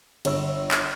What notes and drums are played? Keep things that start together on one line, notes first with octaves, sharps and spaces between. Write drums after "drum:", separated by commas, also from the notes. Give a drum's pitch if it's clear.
G1 C#5 E6, drum: cymbal
drum: clap